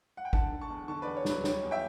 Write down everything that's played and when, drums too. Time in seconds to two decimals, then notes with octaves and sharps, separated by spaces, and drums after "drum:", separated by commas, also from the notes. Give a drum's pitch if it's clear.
0.17 F#5
0.25 G5
0.33 D3 F#5 A5, drum: kick
0.52 D3
0.61 A5 C#6
0.70 E2
0.88 D3 A5 C#6
1.02 E2 B4 D5
1.17 C#5
1.25 F#3 B4, drum: snare
1.44 G3 C#5, drum: snare
1.63 E2
1.71 E5 G5